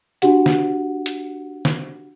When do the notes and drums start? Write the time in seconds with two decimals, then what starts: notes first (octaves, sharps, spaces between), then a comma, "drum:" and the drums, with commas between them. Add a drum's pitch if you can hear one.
0.22 D4 F#4 G4 F#5, drum: hi-hat
0.46 drum: snare
1.06 drum: hi-hat
1.65 drum: snare